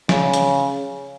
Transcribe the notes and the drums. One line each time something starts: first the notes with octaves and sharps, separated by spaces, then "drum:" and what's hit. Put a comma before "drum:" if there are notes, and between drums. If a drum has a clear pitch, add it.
C#3, drum: snare
drum: hi-hat